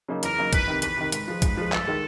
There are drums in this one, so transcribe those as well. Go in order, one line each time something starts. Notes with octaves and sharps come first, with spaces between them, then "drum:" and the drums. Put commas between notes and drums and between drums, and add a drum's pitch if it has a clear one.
C#3 F#3 A#3 D#4
E2 A#4, drum: hi-hat
C#3 F#3 A#3 D#4
E2 B4, drum: kick, hi-hat
C3 D#3
E2 B4, drum: hi-hat
C3 D#3
G#2 B4, drum: hi-hat
F3 G#3
G#2, drum: kick, hi-hat
F3 G#3
G1 A4, drum: clap
D#3 G#3